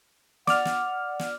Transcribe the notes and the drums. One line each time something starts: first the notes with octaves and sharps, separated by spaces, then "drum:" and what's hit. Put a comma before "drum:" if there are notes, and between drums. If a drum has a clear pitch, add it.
D5 F#5 F6, drum: snare
drum: snare
drum: snare